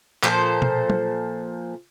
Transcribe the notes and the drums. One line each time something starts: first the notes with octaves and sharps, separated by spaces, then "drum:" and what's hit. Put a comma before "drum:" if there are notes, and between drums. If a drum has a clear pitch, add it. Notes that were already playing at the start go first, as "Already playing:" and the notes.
A#2 F3 A4 C5, drum: clap
drum: tom B2
drum: tom